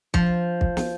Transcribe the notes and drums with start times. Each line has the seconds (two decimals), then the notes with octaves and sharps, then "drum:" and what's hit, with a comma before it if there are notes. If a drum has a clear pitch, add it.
0.14 F3, drum: kick
0.61 drum: kick
0.77 drum: snare